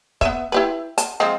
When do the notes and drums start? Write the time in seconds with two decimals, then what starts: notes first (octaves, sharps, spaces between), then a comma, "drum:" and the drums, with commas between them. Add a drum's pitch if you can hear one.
0.21 B3 E5, drum: kick C#1
0.52 E4 G4 B4
0.98 A5, drum: hi-hat
1.20 F3 G#3 C4